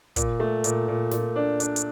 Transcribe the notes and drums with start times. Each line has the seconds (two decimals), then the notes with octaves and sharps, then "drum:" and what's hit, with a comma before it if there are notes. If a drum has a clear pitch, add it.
0.16 A#2, drum: kick, hi-hat
0.40 A3
0.64 A#2, drum: hi-hat
0.88 A#2
1.11 A#2, drum: snare
1.36 D4
1.60 D4, drum: hi-hat
1.76 drum: hi-hat